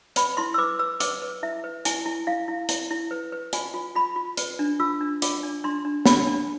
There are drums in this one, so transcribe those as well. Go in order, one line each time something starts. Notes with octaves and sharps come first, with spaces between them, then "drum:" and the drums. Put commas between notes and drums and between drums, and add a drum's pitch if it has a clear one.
B4 B5, drum: hi-hat
E4 C6
E6
B4 D6
B4 E6
B4 D6, drum: hi-hat
B4
E4 E5
B4
E4 G#5, drum: hi-hat
E4
E4 F5
E4
E4, drum: hi-hat
E4
B4
B4
F4 G#5, drum: hi-hat
F4
F4 B5
F4
B4, drum: hi-hat
D4
F4 E6
D4
F4 D6, drum: hi-hat
D4
D4 C6
D4
D4 B5, drum: snare
D4